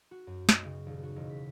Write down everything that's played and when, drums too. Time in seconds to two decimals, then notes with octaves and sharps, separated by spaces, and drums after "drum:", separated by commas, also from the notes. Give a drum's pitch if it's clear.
0.11 F#4
0.27 F#2
0.49 B1, drum: snare
0.65 C#3
0.86 D#1
1.03 F#4
1.16 E1
1.30 B6